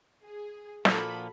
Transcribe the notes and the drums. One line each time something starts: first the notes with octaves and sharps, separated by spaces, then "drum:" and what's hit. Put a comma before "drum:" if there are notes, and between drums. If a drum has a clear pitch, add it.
G#4
A#2 F3 A#3 F#4 A4 B5, drum: snare